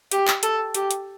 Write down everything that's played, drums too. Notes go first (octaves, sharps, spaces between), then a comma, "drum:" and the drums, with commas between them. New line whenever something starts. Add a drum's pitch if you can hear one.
G4, drum: hi-hat
drum: clap
A4, drum: hi-hat
G4, drum: hi-hat
drum: hi-hat